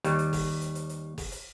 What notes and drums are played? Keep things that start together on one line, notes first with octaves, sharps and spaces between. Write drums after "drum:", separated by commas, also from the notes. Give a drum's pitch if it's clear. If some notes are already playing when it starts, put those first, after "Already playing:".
D#2 G3, drum: hi-hat
drum: hi-hat
drum: kick F#1, open hi-hat
drum: hi-hat
drum: hi-hat
drum: hi-hat
drum: kick F#1, open hi-hat
drum: hi-hat